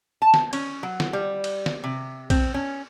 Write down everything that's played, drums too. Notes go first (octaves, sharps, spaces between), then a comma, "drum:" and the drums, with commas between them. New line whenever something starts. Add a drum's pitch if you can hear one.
A5
drum: snare
C#4, drum: cymbal
F#3
drum: snare
G3
drum: cymbal
drum: snare
C3
C4, drum: kick, cymbal
C#4